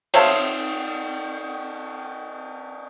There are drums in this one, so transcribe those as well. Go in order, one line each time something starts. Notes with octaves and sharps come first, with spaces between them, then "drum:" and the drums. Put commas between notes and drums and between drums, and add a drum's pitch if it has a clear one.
C5 C#5 E5 F5 A5, drum: cymbal